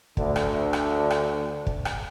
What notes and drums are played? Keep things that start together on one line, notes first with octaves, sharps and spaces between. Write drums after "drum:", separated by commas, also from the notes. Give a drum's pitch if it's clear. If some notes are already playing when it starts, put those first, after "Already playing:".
D2 D3, drum: kick
drum: rim click
drum: rim click
drum: rim click
drum: kick
drum: rim click